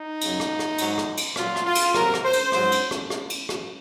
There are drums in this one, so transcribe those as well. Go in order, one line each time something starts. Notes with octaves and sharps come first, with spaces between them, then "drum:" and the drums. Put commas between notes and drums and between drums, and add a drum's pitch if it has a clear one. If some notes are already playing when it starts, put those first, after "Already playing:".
Already playing: D#4
F#2 C#3 F#3, drum: cymbal
drum: rim click
drum: rim click
G#2 F#3, drum: cymbal
drum: rim click
drum: cymbal
A#2 F#3 F4, drum: rim click
drum: rim click
F4
drum: cymbal
C3 F#3 A#4, drum: rim click
drum: rim click
C5
drum: cymbal
G#2 F#3 C5, drum: rim click
drum: cymbal
drum: rim click
drum: rim click
drum: cymbal
drum: rim click